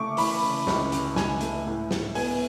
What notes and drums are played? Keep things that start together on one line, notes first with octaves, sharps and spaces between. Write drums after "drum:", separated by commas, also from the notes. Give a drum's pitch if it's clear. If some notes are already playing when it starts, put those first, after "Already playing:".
Already playing: C#3 A3 C#6 D6
E3 B5, drum: open hi-hat
C#3
C#2, drum: snare
C#3, drum: hi-hat
C#2 G#5, drum: snare
A3, drum: hi-hat
A2
A2, drum: snare
B3 G#5, drum: open hi-hat